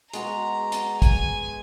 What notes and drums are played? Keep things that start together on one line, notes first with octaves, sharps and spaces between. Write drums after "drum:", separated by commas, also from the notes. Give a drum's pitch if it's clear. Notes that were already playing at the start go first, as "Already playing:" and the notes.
G#3 B3 F#4 A#5, drum: hi-hat
drum: hi-hat
G#5, drum: kick, hi-hat